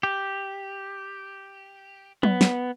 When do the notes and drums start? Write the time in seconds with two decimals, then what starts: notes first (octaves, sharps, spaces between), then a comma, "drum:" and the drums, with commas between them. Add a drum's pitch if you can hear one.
0.03 G4
2.23 B3, drum: tom F#3
2.41 drum: snare